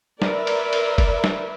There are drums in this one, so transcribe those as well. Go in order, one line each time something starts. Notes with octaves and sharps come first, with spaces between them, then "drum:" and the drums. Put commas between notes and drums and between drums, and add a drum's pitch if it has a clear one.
A#4 B4 D5 E5, drum: snare
drum: cymbal
drum: cymbal
drum: kick F#1, cymbal
drum: snare